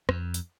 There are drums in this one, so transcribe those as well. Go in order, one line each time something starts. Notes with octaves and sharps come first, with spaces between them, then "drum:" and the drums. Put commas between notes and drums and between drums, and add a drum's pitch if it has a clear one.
F2, drum: rim click
drum: hi-hat